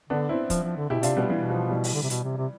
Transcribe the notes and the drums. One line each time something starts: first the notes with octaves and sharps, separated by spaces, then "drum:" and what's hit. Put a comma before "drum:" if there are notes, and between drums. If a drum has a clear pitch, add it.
D3 B3 D4
C4 E4
F3, drum: kick, hi-hat
F3
D3
B2 E4 G4
B2
C3 D4 F4, drum: hi-hat
B2 G3 B3
B2 E3 G3
F3
E3 G3
drum: open hi-hat
D3
C3
B2, drum: hi-hat
C3
C3